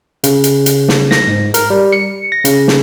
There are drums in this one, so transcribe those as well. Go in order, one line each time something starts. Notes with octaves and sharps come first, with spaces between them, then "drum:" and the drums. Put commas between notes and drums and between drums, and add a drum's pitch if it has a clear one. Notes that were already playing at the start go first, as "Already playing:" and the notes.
C#3, drum: hi-hat
drum: hi-hat
drum: hi-hat
drum: snare
A#6, drum: snare
G#2
A#4, drum: hi-hat
G3
C#7
A#6
C#3, drum: hi-hat
drum: snare